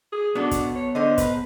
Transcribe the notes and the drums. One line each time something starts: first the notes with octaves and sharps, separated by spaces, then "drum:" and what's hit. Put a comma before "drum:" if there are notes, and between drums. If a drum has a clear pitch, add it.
G#4
B2 B3 D4 F#4 A4
drum: kick, hi-hat
C#5
D3 C5 D#5
B4, drum: kick, hi-hat